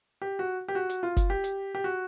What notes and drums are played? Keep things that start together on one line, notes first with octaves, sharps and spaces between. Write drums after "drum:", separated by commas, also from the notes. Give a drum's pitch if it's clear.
G4
F#4
G4
F#4
drum: hi-hat
F4
drum: kick F#1, hi-hat
G4
drum: hi-hat
G4
F#4